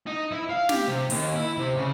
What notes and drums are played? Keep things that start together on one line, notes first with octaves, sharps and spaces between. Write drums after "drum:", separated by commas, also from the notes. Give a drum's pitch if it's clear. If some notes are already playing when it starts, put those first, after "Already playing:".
D#4
E4
F5
G4, drum: snare
C3
D#2, drum: open hi-hat
E4
C3
C#3